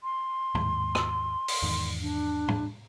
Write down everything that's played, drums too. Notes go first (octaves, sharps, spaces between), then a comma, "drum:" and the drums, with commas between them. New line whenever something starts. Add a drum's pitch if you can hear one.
C6
D#2 G#2, drum: tom
drum: rim click
drum: open hi-hat
E2 G#2 D#3
D4
drum: tom